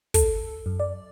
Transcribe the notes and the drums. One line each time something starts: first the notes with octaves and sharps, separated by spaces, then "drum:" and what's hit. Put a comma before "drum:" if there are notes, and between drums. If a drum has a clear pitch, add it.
A4, drum: kick, hi-hat
F#2
D5